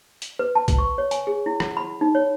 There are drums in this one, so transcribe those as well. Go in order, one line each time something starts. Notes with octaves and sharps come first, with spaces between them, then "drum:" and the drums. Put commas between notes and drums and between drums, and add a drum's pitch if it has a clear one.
drum: hi-hat
B4
A5
drum: kick B1, hi-hat
C#6
C#5
G#5, drum: hi-hat
G#4
E4
F#5, drum: rim click
B5
D#4
C#5